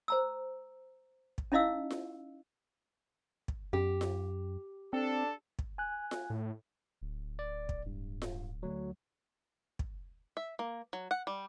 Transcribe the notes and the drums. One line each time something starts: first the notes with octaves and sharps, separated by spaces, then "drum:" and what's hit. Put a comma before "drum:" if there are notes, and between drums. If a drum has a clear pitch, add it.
C5 A#5 E6
drum: kick
C#4 D#4 E4 D#5 F5 E6
drum: snare F4
drum: kick
F#2 G4
drum: snare F4
C4 D4 A4
drum: kick
G#5 F#6
drum: snare F4
A2
D1
D5
drum: kick
G2
drum: snare F4
D2 F#3
drum: kick
E5
A#3
F#3
F#5
G3